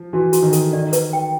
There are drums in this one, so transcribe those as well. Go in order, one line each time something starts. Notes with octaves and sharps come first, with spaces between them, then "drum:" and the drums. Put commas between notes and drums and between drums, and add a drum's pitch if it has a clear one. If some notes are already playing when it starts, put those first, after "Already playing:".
Already playing: F3
E3 F#4
F#4, drum: hi-hat
D#3
A4, drum: hi-hat
D#3 D5
B4, drum: hi-hat
G5